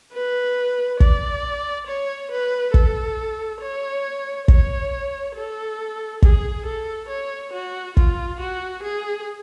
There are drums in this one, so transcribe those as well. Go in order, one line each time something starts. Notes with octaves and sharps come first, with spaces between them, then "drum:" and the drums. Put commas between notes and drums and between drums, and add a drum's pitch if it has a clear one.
B4
D5, drum: kick
C#5
B4
A4, drum: kick
C#5
C#5, drum: kick
A4
G#4, drum: kick
A4
C#5
F#4
F4, drum: kick
F#4
G#4